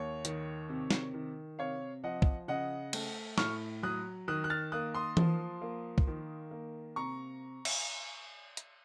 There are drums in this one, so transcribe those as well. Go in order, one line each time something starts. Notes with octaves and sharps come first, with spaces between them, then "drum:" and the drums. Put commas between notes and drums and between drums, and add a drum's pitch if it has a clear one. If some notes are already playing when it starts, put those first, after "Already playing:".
Already playing: D#2 C#5
D#3, drum: hi-hat
C3
drum: snare
D#3
C3 C#5 F5
F3 D#5 F#5
drum: kick
C#3 D#5 F#5
A3, drum: cymbal
A2 C#6 F6, drum: snare
F#3 D#6 F#6
D#3 D#6 F#6
F#6
F6 A6
A#3 D#6 F#6
C6 D#6
F3, drum: tom E3
A#3
drum: kick
D#3
A#3
C3 A#5 C#6
drum: cymbal
drum: hi-hat